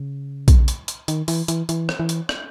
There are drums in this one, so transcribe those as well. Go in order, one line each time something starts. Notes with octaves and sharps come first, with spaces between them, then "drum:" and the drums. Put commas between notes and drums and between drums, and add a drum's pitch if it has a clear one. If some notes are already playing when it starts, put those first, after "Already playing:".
Already playing: C#3
drum: kick A#1, hi-hat
drum: hi-hat
drum: hi-hat
D#3, drum: hi-hat
E3, drum: open hi-hat
E3, drum: hi-hat
E3, drum: hi-hat
drum: rim click
E3
drum: hi-hat
drum: rim click